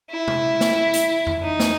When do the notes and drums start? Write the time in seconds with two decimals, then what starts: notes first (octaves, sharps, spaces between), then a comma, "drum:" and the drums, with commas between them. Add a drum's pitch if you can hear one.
0.11 E4
0.28 drum: tom
0.61 drum: snare
0.94 drum: hi-hat
1.27 drum: tom F2
1.43 D#4
1.60 drum: snare